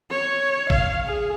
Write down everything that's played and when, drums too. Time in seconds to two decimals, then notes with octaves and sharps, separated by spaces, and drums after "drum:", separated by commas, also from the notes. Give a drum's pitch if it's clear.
0.11 C#5
0.70 F5, drum: kick G#1
1.06 G#4